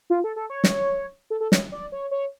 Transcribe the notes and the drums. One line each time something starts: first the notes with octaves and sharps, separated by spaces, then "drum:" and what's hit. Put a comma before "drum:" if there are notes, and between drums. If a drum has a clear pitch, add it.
F4
A4
A4
C#5
drum: snare
A4
A4
C#5, drum: snare
D5
C#5
C#5